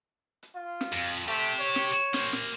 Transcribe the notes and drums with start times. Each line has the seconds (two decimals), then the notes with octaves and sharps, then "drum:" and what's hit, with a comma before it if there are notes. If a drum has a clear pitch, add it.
0.43 drum: hi-hat
0.55 F4
0.81 drum: snare
0.92 F2
1.19 drum: hi-hat
1.28 A3 G4 C5
1.59 C#5, drum: hi-hat
1.76 drum: snare
2.14 A#3 C5, drum: snare
2.33 drum: snare